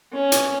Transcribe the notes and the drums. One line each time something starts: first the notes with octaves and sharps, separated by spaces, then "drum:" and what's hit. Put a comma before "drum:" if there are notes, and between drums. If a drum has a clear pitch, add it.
C#4
drum: hi-hat